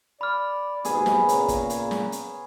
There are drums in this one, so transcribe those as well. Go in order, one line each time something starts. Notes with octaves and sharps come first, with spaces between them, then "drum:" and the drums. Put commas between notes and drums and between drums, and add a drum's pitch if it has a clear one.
D5 B5 F6
D#2 G#2 B2 B3 G#4, drum: hi-hat
drum: snare
A#2 C#3 C#5 A#5, drum: hi-hat
drum: kick, hi-hat
drum: hi-hat
drum: snare
drum: hi-hat